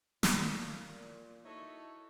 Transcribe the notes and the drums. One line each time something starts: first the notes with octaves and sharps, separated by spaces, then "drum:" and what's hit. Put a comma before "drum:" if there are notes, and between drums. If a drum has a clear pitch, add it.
A#2, drum: snare
D#4 E4 F#4 A4 C#5